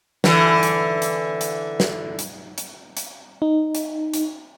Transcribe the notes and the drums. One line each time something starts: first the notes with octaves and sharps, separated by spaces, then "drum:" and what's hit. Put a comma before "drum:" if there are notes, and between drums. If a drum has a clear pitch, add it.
D3 E3, drum: snare
drum: hi-hat
drum: hi-hat
drum: hi-hat
drum: snare
drum: hi-hat
drum: hi-hat
drum: hi-hat
D#4
drum: hi-hat
drum: hi-hat